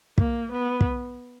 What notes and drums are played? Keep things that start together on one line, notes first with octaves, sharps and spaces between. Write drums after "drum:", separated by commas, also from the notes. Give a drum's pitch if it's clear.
A#3, drum: kick
B3
drum: kick